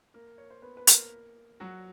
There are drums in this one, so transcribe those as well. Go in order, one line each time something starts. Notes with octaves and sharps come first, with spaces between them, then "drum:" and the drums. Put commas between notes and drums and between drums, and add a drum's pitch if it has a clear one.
A#3 A#4
C#5
C5
B3 B4
B4
A#3 A#4, drum: hi-hat
F#3 F#4